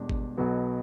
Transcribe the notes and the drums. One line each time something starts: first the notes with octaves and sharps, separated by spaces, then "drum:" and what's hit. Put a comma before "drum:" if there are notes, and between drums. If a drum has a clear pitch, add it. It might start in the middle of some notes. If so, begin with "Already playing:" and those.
Already playing: E1 E2 B2 G3 D4
drum: kick G#1
B1 B2 F#3 B3 F#4